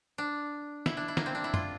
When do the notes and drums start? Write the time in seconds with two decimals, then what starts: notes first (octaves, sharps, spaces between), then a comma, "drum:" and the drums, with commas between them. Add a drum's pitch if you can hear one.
0.18 D4
0.86 E4, drum: snare
0.97 D4
1.08 E4
1.17 A#3, drum: snare
1.26 C4
1.35 D4
1.44 E4
1.54 F4, drum: tom